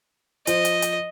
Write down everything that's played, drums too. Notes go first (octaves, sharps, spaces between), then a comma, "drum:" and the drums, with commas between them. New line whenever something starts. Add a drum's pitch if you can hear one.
F3 C5 D#5, drum: hi-hat
drum: hi-hat
drum: hi-hat